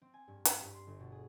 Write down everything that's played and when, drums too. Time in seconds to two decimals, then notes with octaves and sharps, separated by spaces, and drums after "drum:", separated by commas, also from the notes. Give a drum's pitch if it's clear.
0.02 C4
0.14 G#5
0.28 G2
0.45 B5, drum: hi-hat
0.62 G2
0.74 C6
0.87 G1
0.99 B2
1.12 G#4